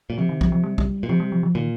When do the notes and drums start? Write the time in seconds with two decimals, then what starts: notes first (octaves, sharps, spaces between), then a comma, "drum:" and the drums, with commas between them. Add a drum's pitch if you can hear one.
0.10 A#2
0.18 C3 F3
0.29 D#3
0.41 F3, drum: kick
0.52 F3
0.64 G3
0.78 G3, drum: kick
1.03 A#2
1.09 C3 F3
1.20 G3
1.32 F3
1.43 F3
1.55 A#2 D#3